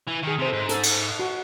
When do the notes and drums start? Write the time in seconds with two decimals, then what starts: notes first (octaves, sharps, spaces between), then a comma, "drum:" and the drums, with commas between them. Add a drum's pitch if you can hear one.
0.07 E3
0.22 D#3 G#4
0.38 C3 C5
0.48 G#2 A4
0.69 A4, drum: hi-hat
0.83 drum: cymbal
1.19 F#4